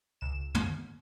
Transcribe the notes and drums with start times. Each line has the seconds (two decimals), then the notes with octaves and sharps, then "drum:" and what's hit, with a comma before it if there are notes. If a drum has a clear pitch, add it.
0.21 C#2 E7
0.55 drum: tom